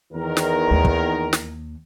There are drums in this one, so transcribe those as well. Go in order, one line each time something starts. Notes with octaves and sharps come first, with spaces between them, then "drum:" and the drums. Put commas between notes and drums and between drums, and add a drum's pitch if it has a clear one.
E2 D#3 A#4
drum: snare
D#2
drum: kick
drum: snare